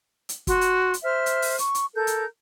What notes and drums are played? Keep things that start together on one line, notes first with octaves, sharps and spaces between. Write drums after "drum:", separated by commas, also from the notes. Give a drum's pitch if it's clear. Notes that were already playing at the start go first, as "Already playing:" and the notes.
drum: hi-hat
F#4 C6, drum: kick, hi-hat
drum: hi-hat
drum: hi-hat
C5 E5 F6
drum: hi-hat
drum: open hi-hat
C#6, drum: hi-hat
drum: hi-hat
A4 A#4 G6
drum: hi-hat